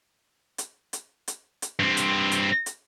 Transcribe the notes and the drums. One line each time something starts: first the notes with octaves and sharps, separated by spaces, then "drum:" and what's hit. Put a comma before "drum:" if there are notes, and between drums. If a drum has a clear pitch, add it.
drum: hi-hat
drum: hi-hat
drum: hi-hat
drum: hi-hat
G2 C4
drum: hi-hat
drum: hi-hat
drum: hi-hat